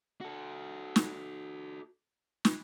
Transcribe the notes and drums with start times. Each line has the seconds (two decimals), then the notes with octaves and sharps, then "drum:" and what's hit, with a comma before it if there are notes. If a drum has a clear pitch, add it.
0.21 F#4 A4
0.96 drum: snare
2.45 drum: snare